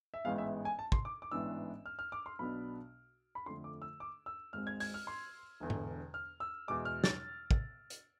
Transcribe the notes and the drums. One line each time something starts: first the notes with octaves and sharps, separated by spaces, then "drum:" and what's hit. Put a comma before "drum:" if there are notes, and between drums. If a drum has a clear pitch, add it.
E5
A1 G#2 E3 G#3 B3 F5
E5
G#5
A5
C6, drum: kick
D6
D6
A1 G#2 E3 B3 D4 E6
F6
F6
D6
C6
B1 B2 B3 D4 B5
B5
F2 D3 A3 C6
D6
E6
D6
E6
G#1 G#2 G#3 C4 F6
G#6
G#6, drum: open hi-hat
F6
C6
E1 E2 D3
drum: tom G#2
F6
E6
E2 B2 G#3 D6
F6
A6, drum: snare
drum: kick
drum: hi-hat